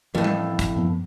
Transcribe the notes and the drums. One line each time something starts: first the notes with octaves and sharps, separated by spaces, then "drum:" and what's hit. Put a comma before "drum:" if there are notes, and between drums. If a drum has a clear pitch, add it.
F2 A2 E3
drum: tom G3
drum: kick, hi-hat
F#2 F3 B3